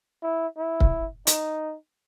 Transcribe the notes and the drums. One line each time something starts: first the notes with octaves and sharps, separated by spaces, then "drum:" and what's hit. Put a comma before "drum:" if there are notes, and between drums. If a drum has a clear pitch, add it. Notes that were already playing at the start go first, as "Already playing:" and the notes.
E4
E4
drum: kick C#1
D#4, drum: hi-hat